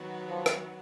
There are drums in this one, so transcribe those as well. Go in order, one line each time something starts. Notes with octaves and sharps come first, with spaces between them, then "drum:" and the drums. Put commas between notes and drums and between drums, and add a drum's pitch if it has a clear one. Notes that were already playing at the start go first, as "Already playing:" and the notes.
Already playing: D#3 F#3 B3 F#4
F3
drum: rim click